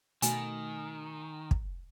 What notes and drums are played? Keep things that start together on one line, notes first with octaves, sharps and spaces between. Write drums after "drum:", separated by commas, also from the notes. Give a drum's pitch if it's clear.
B2 D#3 A3 F#4 G#5, drum: hi-hat
drum: kick